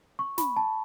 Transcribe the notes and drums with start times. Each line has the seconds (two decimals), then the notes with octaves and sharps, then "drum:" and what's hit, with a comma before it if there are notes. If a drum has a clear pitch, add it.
0.19 C#6
0.38 B5, drum: snare
0.57 A5